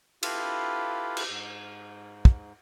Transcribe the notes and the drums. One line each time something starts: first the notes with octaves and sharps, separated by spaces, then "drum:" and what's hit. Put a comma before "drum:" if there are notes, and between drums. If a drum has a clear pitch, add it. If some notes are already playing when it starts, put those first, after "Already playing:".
E4 F4 G4 A4 B4 F5, drum: cymbal
drum: cymbal
G#2
drum: kick